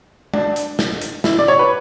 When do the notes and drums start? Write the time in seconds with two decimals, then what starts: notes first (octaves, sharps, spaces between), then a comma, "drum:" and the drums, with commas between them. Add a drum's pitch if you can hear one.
0.34 D4, drum: tom G#3
0.56 drum: hi-hat
0.79 drum: snare
1.02 drum: hi-hat
1.24 E4, drum: snare
1.39 D5
1.48 C#5
1.59 B4